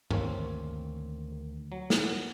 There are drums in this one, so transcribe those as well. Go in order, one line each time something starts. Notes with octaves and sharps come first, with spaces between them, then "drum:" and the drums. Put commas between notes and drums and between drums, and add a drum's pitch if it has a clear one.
D2 D#3 A#3 C4 C#5, drum: tom G2
F#3
drum: snare